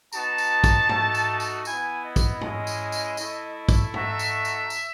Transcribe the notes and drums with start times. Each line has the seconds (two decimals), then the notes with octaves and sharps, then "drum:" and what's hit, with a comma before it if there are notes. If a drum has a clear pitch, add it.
0.12 B3 D#4 F#4 A5, drum: tambourine
0.38 drum: tambourine
0.64 drum: kick, tambourine
0.89 A3 D#4 F#4, drum: tom
1.14 drum: tambourine
1.40 drum: tambourine
1.65 B3 E4 G#5, drum: tambourine
2.03 D#5
2.16 drum: kick, tambourine
2.41 G#3 C#4 E4, drum: tom
2.67 drum: tambourine
2.92 drum: tambourine
3.17 A3 E4, drum: tambourine
3.69 drum: kick, tambourine
3.94 A3 D#4 F#4 E5, drum: tom
4.19 drum: tambourine
4.45 drum: tambourine
4.70 drum: tambourine